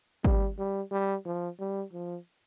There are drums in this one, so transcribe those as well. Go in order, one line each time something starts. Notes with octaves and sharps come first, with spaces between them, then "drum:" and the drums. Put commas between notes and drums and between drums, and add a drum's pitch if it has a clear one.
G3, drum: kick G#1
G3
G3
F3
G3
F3